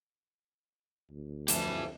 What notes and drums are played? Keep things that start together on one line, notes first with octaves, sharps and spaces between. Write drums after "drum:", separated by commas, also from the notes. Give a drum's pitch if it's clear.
D2
F2 E3 A3 G4 A5, drum: hi-hat